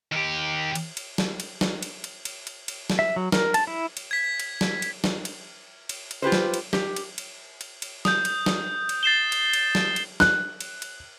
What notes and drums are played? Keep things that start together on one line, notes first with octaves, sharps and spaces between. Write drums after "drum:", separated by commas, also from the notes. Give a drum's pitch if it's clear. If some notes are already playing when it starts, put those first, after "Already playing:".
D#2 G4
drum: cymbal
drum: cymbal
drum: snare
drum: cymbal
drum: snare
drum: cymbal
drum: cymbal
drum: cymbal
drum: cymbal
drum: cymbal
drum: snare
E5
F#3
A#4, drum: snare
A5, drum: cymbal
E4
drum: cymbal
G#6 B6
drum: cymbal
drum: snare
drum: cymbal
drum: snare
drum: cymbal
drum: cymbal
drum: cymbal
F4 G4 B4 C5
drum: snare
drum: cymbal
G4, drum: snare
drum: cymbal
drum: cymbal
drum: cymbal
drum: cymbal
D#6 G6, drum: snare
drum: cymbal
drum: snare
drum: cymbal
A6 C7 E7 G7
drum: cymbal
drum: cymbal
drum: snare
drum: cymbal
F#6, drum: snare
drum: cymbal
drum: cymbal